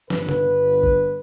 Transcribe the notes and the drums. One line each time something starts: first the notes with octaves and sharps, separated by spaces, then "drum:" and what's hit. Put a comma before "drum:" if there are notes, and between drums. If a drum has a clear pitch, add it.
G1 B4, drum: snare
drum: tom
drum: kick